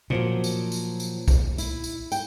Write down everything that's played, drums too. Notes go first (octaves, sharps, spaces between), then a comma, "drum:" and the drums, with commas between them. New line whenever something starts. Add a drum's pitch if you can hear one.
A#2 F3 F#3 F#4
drum: tambourine
drum: tambourine
drum: tambourine
drum: kick B1, tambourine
E4, drum: tambourine
drum: tambourine
G5, drum: tambourine